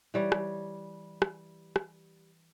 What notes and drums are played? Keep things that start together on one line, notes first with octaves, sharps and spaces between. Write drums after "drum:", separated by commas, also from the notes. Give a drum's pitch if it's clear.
E3 G3 C#5
drum: rim click
drum: rim click
drum: rim click